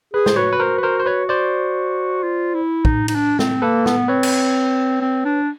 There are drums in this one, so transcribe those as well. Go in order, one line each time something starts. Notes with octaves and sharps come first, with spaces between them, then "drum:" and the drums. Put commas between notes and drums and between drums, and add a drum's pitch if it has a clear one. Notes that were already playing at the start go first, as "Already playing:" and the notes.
G#4 B4
C5, drum: snare
F#4 B4 C#5
B4
A#4 C5
B4
A#4 C5
C5
B4 C#5
C5 D5
F4
E4
D#4, drum: kick
D#4, drum: cymbal
D4
C4, drum: snare
A#3 A4 B4
B3, drum: snare
C4 B4 C#5
drum: cymbal
C4
D4